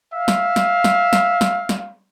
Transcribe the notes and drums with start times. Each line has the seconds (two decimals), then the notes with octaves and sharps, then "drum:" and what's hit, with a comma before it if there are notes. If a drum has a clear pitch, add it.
0.14 E5 F5
0.28 drum: snare
0.56 drum: snare
0.84 drum: snare
1.13 drum: snare
1.41 drum: snare
1.69 drum: snare